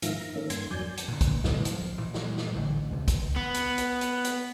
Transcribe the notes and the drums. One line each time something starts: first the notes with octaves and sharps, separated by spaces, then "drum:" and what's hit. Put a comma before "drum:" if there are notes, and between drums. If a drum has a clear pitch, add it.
G#2 D#3 F3 E5 F5 A#6, drum: hi-hat
A#5
D#3 A#3 C#4 A4
G2 C6 G#6, drum: hi-hat
F2 F#3 D5 G#5 G6
drum: hi-hat
A#2 D3
drum: kick, hi-hat
D1 B1 G#2, drum: snare
F3, drum: hi-hat
A#2 E3
drum: snare
drum: snare
A1 D3
C#2 C3
drum: kick, hi-hat
B3
drum: hi-hat
drum: hi-hat
drum: hi-hat
drum: hi-hat